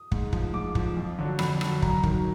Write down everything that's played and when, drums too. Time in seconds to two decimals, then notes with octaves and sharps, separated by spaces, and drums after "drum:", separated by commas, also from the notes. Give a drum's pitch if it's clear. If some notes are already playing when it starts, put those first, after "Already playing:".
Already playing: D#6
0.12 G#2, drum: kick
0.33 F3, drum: kick
0.54 G#2 D6
0.75 F3, drum: kick
0.97 F2
1.19 D3 F#3
1.39 F2 B5, drum: rim click
1.61 D3 F#3, drum: rim click
1.82 F#2 A#5, drum: kick
2.03 D#3 F#3, drum: kick